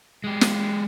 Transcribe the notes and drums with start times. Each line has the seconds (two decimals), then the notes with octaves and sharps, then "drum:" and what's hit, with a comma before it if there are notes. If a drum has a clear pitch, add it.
0.24 G#3 G4
0.41 drum: snare